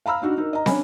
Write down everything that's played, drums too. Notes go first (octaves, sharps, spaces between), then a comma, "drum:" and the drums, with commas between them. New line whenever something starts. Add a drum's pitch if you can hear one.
F5 A#5 B5 E6 F6
D4 D#4 F#4
D#4 A#4
D#5 A#5
C#4 D4 G#5 B5, drum: snare